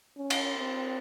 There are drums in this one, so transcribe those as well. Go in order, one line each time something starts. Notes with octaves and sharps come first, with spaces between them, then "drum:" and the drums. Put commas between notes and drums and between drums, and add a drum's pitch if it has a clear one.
C#4
drum: cymbal
C4